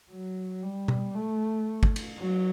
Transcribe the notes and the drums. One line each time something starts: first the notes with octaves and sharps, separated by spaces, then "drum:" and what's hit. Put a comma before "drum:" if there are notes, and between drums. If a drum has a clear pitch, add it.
F#3
G3
drum: tom B2
A3
drum: kick
drum: cymbal
F#3